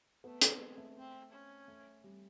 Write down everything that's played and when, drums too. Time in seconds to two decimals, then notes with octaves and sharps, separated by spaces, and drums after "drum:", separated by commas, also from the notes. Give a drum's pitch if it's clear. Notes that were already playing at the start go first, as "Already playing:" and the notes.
0.24 A3 B3
0.42 C4, drum: hi-hat
0.60 G#3
0.78 A3
0.97 C4
1.32 C#4
1.68 A3
2.04 G3